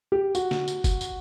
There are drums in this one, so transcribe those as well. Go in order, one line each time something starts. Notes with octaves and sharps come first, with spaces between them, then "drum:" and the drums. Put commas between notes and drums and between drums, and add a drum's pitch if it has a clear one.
G4
F#4, drum: tambourine
drum: snare
drum: tambourine
drum: kick F#1, tambourine
drum: tambourine